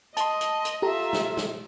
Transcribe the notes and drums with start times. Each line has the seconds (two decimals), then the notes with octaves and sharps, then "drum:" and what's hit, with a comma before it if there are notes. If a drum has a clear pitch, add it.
0.17 D#5 A5 C6, drum: hi-hat
0.41 drum: hi-hat
0.65 drum: hi-hat
0.82 F4 G4 A4 E5 A#5
1.13 drum: snare
1.37 drum: snare